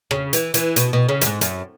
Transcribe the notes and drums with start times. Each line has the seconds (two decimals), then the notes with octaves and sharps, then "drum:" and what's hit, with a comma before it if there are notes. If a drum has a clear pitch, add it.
0.11 C#3, drum: rim click
0.33 E3, drum: hi-hat
0.54 E3, drum: hi-hat
0.76 B2, drum: hi-hat
0.93 B2
1.09 C#3
1.21 F#2, drum: hi-hat
1.26 G#2
1.41 F#2, drum: hi-hat